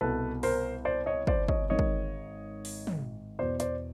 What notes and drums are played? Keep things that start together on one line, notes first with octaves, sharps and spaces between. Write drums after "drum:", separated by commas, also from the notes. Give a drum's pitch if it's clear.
C2 B2 A4 B4
A#4 C5, drum: open hi-hat
C5 D5
C#5 D#5
C5 D5, drum: kick
C#5 D#5, drum: kick
G#1 G#2 D#3 C#5 D#5
drum: kick
drum: open hi-hat
drum: tom
E2 B2 C5 D5
C5 D5, drum: hi-hat